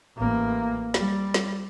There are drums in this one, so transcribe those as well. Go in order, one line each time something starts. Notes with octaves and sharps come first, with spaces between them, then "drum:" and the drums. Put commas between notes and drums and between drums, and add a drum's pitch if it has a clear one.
A1 A#3
G3, drum: snare
drum: snare